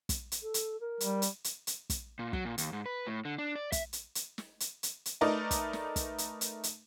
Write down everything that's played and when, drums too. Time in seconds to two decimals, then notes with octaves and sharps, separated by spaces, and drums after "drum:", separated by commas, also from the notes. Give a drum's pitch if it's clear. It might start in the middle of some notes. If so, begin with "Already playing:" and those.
0.09 drum: kick, hi-hat
0.32 drum: hi-hat
0.43 A4
0.54 drum: hi-hat
0.81 A#4
1.00 G3, drum: hi-hat
1.22 drum: hi-hat
1.44 drum: hi-hat
1.67 drum: hi-hat
1.90 drum: kick, hi-hat
2.19 A#2
2.33 F#3, drum: kick
2.45 A#2
2.58 D#2, drum: hi-hat
2.73 G#2
2.86 B4
3.07 A2
3.25 D3
3.38 D4
3.55 D5
3.72 E5, drum: kick, hi-hat
3.93 drum: hi-hat
4.15 drum: hi-hat
4.38 drum: snare
4.60 drum: hi-hat
4.83 drum: hi-hat
5.06 drum: hi-hat
5.21 A3 D#4 A#4 B4 D5 D#5
5.51 drum: kick, hi-hat
5.73 drum: snare
5.96 drum: kick, hi-hat
6.18 drum: hi-hat
6.41 drum: hi-hat
6.63 drum: hi-hat